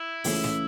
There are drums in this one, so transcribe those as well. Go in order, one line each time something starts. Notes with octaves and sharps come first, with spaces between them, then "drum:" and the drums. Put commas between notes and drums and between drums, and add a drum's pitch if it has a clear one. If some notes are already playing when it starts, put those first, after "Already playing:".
Already playing: E4
C#2 C#3 E3 A3 C#4, drum: open hi-hat
drum: snare